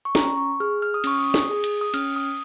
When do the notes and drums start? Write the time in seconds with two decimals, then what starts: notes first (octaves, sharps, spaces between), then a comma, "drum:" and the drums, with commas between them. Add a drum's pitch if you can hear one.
0.05 C#6
0.15 C#4 A#5, drum: snare
0.37 C#6
0.60 G#4 F6
0.82 F6
0.94 D#6
1.04 C#4 C#6, drum: cymbal
1.19 D#6
1.34 drum: snare
1.49 G#4
1.64 drum: cymbal
1.81 D#6
1.94 C#4 F6, drum: cymbal
2.16 D#6